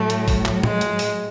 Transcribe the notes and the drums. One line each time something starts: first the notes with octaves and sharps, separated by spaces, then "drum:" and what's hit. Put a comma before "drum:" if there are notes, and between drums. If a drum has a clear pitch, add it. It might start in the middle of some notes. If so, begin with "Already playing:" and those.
Already playing: A2 F#3 A3
drum: hi-hat
drum: kick, open hi-hat
drum: clap
G#3, drum: tom A2
drum: hi-hat
drum: open hi-hat